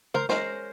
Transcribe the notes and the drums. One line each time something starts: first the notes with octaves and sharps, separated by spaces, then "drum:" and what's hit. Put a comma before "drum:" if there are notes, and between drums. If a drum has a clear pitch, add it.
A#4 C5, drum: tom
G#3 C#4 A#4 C5, drum: snare